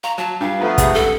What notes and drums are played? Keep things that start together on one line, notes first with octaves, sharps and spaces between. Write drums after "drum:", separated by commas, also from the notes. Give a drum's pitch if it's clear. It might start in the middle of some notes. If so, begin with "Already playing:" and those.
F5 A#5 C6 C#6
F#3 A5
G2 D4 F4 F5
F3 A3 B3 B4 A#5
C#2 C3 G3 G#4, drum: kick, hi-hat
A4